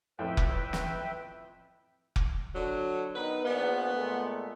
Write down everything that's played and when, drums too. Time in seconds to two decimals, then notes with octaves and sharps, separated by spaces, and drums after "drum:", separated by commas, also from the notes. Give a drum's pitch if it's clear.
0.19 F2 A2 B4 E5 G5
0.37 drum: kick F1
0.73 drum: snare
2.16 drum: kick F1
2.55 D3 F#3
3.15 D#3 B3 D#4 B4
3.45 A#1 B3
3.94 A#2 G#3 A3